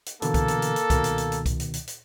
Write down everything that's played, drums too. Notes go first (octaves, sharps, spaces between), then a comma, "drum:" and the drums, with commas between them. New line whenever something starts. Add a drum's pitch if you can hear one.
drum: hi-hat
B2 D3 E3 A#3 A4, drum: hi-hat
drum: kick C2, hi-hat
drum: hi-hat
drum: hi-hat
drum: hi-hat
C#2 B2 D#3, drum: kick C2, hi-hat
drum: hi-hat
drum: hi-hat
drum: hi-hat
drum: kick C2, hi-hat
drum: hi-hat
drum: hi-hat
drum: hi-hat